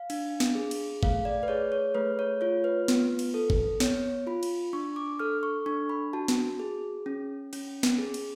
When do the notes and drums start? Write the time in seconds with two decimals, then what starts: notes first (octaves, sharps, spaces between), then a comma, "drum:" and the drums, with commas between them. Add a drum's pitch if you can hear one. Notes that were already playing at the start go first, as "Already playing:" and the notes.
Already playing: F5
0.10 D4, drum: cymbal
0.40 drum: snare
0.55 G#4
0.71 drum: cymbal
1.03 A3 F5, drum: kick
1.25 D5
1.43 B4
1.48 G#4 C#5
1.72 C#5
1.95 A3 B4
2.19 C#5
2.41 F4 C#5
2.64 B4
2.88 B3, drum: snare
3.19 drum: cymbal
3.34 A4
3.50 drum: kick
3.80 B3 C#5, drum: snare
4.27 F4 B5
4.43 drum: cymbal
4.73 D4 C#6
4.96 D6
5.19 A4 F6
5.43 C#6
5.66 D4 C#6
5.89 B5
6.13 F#4 A5
6.28 drum: snare
6.60 G#4
7.06 C#4
7.53 C#4, drum: cymbal
7.83 drum: snare
7.98 G#4
8.14 drum: cymbal